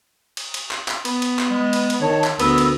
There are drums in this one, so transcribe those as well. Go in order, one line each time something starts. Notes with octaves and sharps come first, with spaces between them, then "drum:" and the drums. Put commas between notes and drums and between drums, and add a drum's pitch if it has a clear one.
drum: cymbal
drum: cymbal
drum: clap
drum: clap
B3, drum: cymbal
drum: cymbal
drum: clap
G#3
drum: cymbal
drum: cymbal
D#3 C#5 A5
drum: clap
D2 B3 A#4 E6, drum: cymbal
drum: cymbal